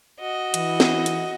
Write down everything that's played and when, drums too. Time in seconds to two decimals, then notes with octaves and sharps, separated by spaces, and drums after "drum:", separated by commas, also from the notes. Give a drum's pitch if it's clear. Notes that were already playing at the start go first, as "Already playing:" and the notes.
0.20 F#4 D#5
0.54 E3 E4, drum: hi-hat
0.80 drum: snare
1.06 drum: hi-hat